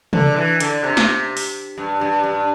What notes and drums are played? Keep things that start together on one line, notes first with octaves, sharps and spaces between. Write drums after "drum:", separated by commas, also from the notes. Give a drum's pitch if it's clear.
D3, drum: tom
E3
D3, drum: hi-hat
C3
drum: snare
drum: open hi-hat
G2
G2
G2